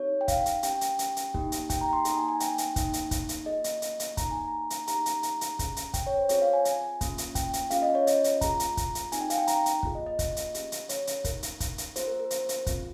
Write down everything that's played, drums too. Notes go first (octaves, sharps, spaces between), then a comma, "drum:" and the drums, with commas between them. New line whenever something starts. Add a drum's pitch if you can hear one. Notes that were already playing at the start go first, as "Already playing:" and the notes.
Already playing: C4 D#4 G4 C#5
G5
F5, drum: kick, hi-hat
drum: hi-hat
C#4 G4 G5, drum: hi-hat
drum: hi-hat
drum: hi-hat
drum: hi-hat
A#3 D#4 G4, drum: kick
drum: hi-hat
G5, drum: kick, hi-hat
A#5
C6
A#3 D#4 G#4 A#5, drum: hi-hat
G#5
G#5
G5, drum: hi-hat
drum: hi-hat
A#3 D#4 G#4, drum: kick, hi-hat
drum: hi-hat
drum: kick, hi-hat
drum: hi-hat
A#3 F4 G#4 D#5
drum: hi-hat
drum: hi-hat
drum: hi-hat
A#3 D#4 G#4 A#5, drum: kick, hi-hat
G#5
A#5
drum: hi-hat
A#3 D#4 G4 A#5, drum: hi-hat
drum: hi-hat
A#5, drum: hi-hat
drum: hi-hat
C#4 G#4, drum: kick, hi-hat
drum: hi-hat
G5, drum: kick, hi-hat
C#5
C5
C4 F4 G#4 C#5, drum: hi-hat
F5
G#5
G#5, drum: hi-hat
A#3 C#4 F4, drum: kick, hi-hat
drum: hi-hat
G5, drum: kick, hi-hat
drum: hi-hat
C#4 F4 G#4 F5, drum: hi-hat
D#5
C#5
D#5, drum: hi-hat
drum: hi-hat
A#3 F4 G#4 A#5, drum: kick, hi-hat
drum: hi-hat
drum: kick, hi-hat
drum: hi-hat
C4 D#4 G4 G#5, drum: hi-hat
G5
F5, drum: hi-hat
G5
A#5, drum: hi-hat
drum: hi-hat
A#3 F4 G#4, drum: kick
D#5
D#5
drum: kick, hi-hat
drum: hi-hat
C#4 G4, drum: hi-hat
drum: hi-hat
C#5, drum: hi-hat
drum: hi-hat
A#3 D#4 G#4 A#4, drum: kick, hi-hat
drum: hi-hat
drum: kick, hi-hat
drum: hi-hat
A#3 F4 G#4 C5, drum: hi-hat
A#4
A#4
C5, drum: hi-hat
drum: hi-hat
C4 F4 G#4, drum: kick, hi-hat